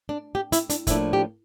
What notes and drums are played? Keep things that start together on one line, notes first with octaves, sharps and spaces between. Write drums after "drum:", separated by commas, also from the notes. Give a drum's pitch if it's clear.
D4
G4
E4, drum: hi-hat
D4, drum: hi-hat
A2 F3 A#3 D4 E4, drum: kick F1, hi-hat
G4